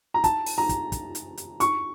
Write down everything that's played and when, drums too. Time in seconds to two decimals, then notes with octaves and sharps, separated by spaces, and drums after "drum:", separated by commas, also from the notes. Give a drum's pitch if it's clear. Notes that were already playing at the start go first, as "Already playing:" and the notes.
0.14 A#5
0.24 A5, drum: kick, hi-hat
0.46 drum: open hi-hat
0.58 A#5
0.69 drum: kick, hi-hat
0.92 drum: kick, hi-hat
1.15 drum: hi-hat
1.37 drum: hi-hat
1.60 C#6, drum: hi-hat